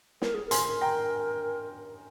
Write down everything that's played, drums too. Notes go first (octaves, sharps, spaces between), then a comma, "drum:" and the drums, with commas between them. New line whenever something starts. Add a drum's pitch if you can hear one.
A#4, drum: snare
G#4
A#4
G#5 C6, drum: hi-hat
A#4
G5 A#5